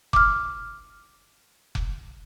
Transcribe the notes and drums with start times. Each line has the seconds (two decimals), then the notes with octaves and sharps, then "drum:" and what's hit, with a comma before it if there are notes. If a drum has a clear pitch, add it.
0.13 D6 F6, drum: kick F1
1.75 drum: kick F1